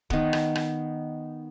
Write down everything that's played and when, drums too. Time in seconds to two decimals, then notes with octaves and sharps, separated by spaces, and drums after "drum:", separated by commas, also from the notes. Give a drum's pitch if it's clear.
0.10 D#3 B3, drum: kick D1
0.33 drum: rim click
0.55 drum: rim click